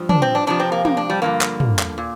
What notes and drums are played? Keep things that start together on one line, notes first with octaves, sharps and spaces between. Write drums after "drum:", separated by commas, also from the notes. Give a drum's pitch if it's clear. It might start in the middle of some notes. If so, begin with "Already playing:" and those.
Already playing: G2 F3
D4, drum: tom
C4
D4
F2 C3 F3 D4
C4
A#3
A#3, drum: tom
D4
G3
G2 D3 F3 A#3
drum: clap
drum: tom
drum: clap
A#2